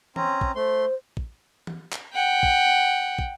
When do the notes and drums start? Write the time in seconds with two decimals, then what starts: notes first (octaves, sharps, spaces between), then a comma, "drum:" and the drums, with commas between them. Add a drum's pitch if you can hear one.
0.16 C4 C#4 A#5, drum: tom E3
0.41 drum: kick
0.55 A3 C5 C6
1.17 drum: kick
1.67 drum: tom E3
1.93 drum: clap
2.14 F#5 G5
2.43 drum: kick
3.19 drum: kick